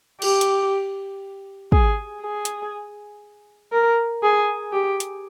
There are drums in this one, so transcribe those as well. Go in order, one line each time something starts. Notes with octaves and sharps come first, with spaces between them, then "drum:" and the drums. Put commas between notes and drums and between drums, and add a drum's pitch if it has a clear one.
G4, drum: cymbal
drum: hi-hat
G#4, drum: kick
G#4
drum: hi-hat
A#4
G#4
G4
drum: hi-hat